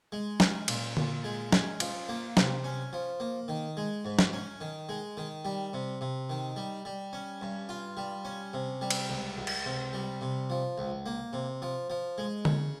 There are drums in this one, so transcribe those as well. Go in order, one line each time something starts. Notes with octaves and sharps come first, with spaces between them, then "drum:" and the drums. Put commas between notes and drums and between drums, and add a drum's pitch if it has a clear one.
G#3
C#4, drum: snare
A#2, drum: cymbal
A#2, drum: tom D3
G#3
C#4, drum: snare
F3, drum: cymbal
A#3
C3, drum: snare
C#4
F3
A#3
D#3
G#3
G#2
drum: snare
C#4
D#3
G#3
D#3
G3
C3
C3
D#3
G3
G3
C#4
G2
F4
G3
C#4
C3
G3
drum: cymbal
C#2
C#2
drum: cymbal
C3
G3
C3
F3
C#2
A#3
C3
F3
F3
G#3
C#3, drum: tom D3